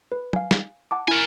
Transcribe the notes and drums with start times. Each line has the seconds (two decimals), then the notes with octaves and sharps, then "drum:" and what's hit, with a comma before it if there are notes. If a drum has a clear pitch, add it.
0.12 B4
0.33 F5 G#5, drum: tom
0.51 drum: snare
0.91 F#5 A5 D6
1.08 E4 A#4 G#5